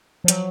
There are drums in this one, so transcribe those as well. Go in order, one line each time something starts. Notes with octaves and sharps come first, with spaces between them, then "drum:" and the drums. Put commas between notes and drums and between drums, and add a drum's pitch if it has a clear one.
F3
F#3, drum: hi-hat